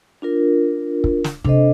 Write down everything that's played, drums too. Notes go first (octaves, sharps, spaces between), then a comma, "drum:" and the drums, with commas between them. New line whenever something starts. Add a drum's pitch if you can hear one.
D4 F4 A#4
drum: kick
drum: snare
C3 D4 A4 C5 D#5, drum: kick